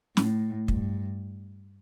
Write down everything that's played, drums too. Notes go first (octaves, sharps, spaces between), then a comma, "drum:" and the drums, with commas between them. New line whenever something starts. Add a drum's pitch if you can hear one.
A2, drum: snare
G2, drum: kick